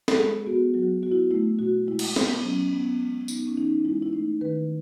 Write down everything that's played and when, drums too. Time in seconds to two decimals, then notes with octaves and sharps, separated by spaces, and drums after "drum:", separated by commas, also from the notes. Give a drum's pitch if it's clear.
0.08 A4, drum: snare
0.17 G#3 G#4
0.46 B3 F#4
0.74 F#3 F#4
1.02 B3 F#4
1.12 E4
1.20 F#4
1.31 A3 E4
1.59 B2 F#4
1.87 G#3 E4
1.99 drum: cymbal
2.16 B3, drum: snare
2.43 F#3 C#4
2.73 B3
3.01 G#3
3.28 B3 D#4, drum: tambourine
3.47 C#4
3.57 E3 D#4
3.85 G#3 E4
4.02 E4
4.13 A3 D#4
4.41 D#3 B4